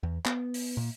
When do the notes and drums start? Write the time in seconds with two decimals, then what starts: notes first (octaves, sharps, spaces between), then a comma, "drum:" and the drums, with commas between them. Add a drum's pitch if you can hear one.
0.03 E2
0.26 B3, drum: clap
0.54 drum: open hi-hat
0.77 A#2